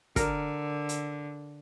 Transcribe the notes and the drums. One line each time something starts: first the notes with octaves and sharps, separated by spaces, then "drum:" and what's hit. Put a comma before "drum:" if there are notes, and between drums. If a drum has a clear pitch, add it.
D3 A#4, drum: kick, hi-hat
drum: hi-hat